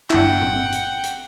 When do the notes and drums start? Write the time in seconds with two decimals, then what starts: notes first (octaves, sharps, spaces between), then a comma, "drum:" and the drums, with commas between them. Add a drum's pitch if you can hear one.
0.10 G1 D4 E4 F#5 G5, drum: clap
0.41 drum: tom A2
0.72 drum: hi-hat
1.04 drum: hi-hat